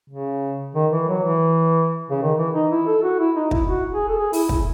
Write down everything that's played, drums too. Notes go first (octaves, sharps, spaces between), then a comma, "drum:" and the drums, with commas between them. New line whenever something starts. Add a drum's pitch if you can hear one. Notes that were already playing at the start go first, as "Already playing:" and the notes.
C#3
D#3
E3
F#3
E3
C#3
D#3
E3
D#4
E4
A4
F#4
E4
D#4
E4, drum: kick
F#4
G#4
A4
G#4
E4, drum: open hi-hat
E4, drum: kick